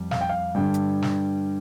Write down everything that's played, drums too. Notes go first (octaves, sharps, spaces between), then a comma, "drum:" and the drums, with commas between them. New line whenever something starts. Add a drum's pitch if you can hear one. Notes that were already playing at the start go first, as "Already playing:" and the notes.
Already playing: F2 G3
F5, drum: snare
G5
F5
G2 D3 G3 G5
drum: hi-hat
drum: snare